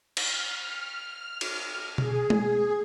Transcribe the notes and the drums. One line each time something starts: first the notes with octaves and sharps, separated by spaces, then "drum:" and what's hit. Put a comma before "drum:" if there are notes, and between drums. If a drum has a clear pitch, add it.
F6, drum: cymbal
drum: cymbal
G#4, drum: tom B2
drum: tom G#3